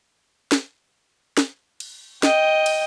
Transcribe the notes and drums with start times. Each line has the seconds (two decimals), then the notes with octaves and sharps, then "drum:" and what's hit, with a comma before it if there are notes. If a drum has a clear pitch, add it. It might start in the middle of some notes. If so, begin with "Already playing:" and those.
0.52 drum: snare
1.37 drum: snare
1.80 drum: cymbal
2.23 D#5 G5, drum: snare
2.66 drum: cymbal